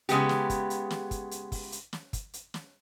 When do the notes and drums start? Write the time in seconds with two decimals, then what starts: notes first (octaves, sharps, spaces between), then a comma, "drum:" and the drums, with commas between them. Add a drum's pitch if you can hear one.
0.09 C#3 G#3 B3 G4, drum: hi-hat
0.29 drum: snare
0.50 drum: kick, hi-hat
0.70 drum: hi-hat
0.90 drum: snare
1.11 drum: kick, hi-hat
1.31 drum: hi-hat
1.52 drum: kick, open hi-hat
1.72 drum: hi-hat
1.93 drum: snare
2.13 drum: kick, hi-hat
2.34 drum: hi-hat
2.54 drum: snare